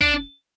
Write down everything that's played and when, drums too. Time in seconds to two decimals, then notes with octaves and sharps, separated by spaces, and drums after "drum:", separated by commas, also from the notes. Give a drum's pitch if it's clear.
0.01 D4, drum: kick